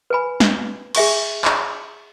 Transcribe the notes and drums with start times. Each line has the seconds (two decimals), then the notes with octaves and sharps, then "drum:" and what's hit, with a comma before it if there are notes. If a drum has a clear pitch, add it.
0.10 B4 G#5 B5
0.40 drum: snare
0.95 G#4 E5 G#5 C#6, drum: cymbal
1.45 drum: clap